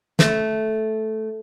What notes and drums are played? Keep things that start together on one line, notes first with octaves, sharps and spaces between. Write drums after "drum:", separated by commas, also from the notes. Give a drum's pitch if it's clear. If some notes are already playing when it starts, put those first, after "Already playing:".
A3, drum: snare